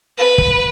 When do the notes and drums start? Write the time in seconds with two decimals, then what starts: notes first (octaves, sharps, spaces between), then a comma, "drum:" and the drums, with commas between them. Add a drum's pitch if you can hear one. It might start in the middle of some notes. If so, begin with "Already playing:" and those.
0.18 B4
0.38 drum: kick